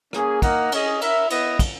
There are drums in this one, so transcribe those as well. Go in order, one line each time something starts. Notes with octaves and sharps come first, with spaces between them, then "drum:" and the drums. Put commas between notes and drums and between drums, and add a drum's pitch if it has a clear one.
A#3 C#4 G#4, drum: rim click
A#3 D#4 A#4 D#5 F#5, drum: kick, cymbal
C#4 G#4 D#5, drum: cymbal
E4 A#4 E5, drum: cymbal
B3 E4 B4 D#5, drum: cymbal
drum: kick, cymbal